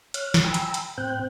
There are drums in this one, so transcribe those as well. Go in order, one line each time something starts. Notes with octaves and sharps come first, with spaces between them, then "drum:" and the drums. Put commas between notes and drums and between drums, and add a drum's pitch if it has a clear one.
C#5 F6 F#6, drum: hi-hat
drum: snare
G5 G#5 A#5 B5 E6
drum: hi-hat
drum: hi-hat
A2 C4 C5 G5 F#6 G6